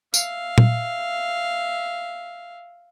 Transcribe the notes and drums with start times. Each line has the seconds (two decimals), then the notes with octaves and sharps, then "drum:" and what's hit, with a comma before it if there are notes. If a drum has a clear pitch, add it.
0.14 E5 F5, drum: tambourine
0.58 drum: tom A#2